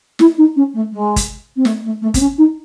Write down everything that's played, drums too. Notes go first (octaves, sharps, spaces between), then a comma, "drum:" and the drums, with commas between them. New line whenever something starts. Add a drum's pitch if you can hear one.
E4, drum: snare
D#4
C#4
A3
G#3
drum: kick G1, hi-hat
C4
A3, drum: snare
A3
A3
C4, drum: kick G1, hi-hat
C#4
D#4